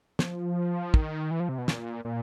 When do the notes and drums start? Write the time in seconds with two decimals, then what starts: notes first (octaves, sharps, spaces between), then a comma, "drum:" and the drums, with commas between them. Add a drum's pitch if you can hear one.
0.19 F3, drum: snare
0.94 D#3, drum: kick
1.31 E3
1.40 F3
1.49 C3
1.58 B2
1.68 A#2, drum: snare
2.05 A#2